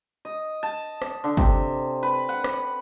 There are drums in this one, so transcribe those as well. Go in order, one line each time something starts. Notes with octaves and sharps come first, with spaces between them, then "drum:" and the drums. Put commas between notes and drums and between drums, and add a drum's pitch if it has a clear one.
D#5
A5
drum: rim click
D3
C3, drum: kick
B4
F#5
drum: rim click